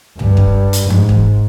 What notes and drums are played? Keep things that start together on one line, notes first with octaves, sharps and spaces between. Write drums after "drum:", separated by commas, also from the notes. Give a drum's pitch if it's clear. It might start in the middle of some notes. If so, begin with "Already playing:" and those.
G2, drum: tom
drum: kick
drum: hi-hat
G#2, drum: tom E3
drum: kick